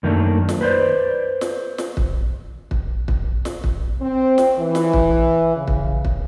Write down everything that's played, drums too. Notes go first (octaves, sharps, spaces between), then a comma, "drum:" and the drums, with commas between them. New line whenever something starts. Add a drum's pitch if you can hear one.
F#2 D#3 A3 A#3 D4
drum: snare
B4 C5 D5
drum: snare
drum: snare
drum: kick
drum: kick
drum: kick
drum: snare
drum: kick
C4
drum: snare
E3
drum: snare
drum: kick
C#3
drum: kick
drum: kick